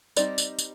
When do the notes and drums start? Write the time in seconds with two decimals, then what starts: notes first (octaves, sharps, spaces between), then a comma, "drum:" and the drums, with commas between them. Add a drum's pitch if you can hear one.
0.17 G3 C4 D#4 D5, drum: tambourine
0.38 drum: tambourine
0.59 drum: tambourine